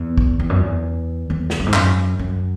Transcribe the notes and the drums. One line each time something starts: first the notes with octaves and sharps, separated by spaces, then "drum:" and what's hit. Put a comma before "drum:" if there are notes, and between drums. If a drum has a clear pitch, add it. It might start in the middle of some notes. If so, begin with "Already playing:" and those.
Already playing: E2
drum: kick
E2
F#2
E2
E2
drum: snare
F#2
G#2
F#2, drum: clap
F#2